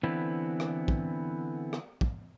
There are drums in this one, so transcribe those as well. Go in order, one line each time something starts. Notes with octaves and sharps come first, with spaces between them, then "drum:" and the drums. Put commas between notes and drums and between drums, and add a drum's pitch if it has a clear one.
D3 E3 B3 C4 E4
drum: rim click
drum: kick
drum: rim click
drum: kick